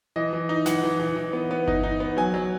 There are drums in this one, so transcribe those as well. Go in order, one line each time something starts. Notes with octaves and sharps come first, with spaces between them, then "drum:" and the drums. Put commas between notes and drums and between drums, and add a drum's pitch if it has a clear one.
E3 D#5
E3
D#4
E3 F#5, drum: snare
E3
E3
E3
B3
B3
D#4, drum: kick G1
D#4
B3
F#3 G#5
F#3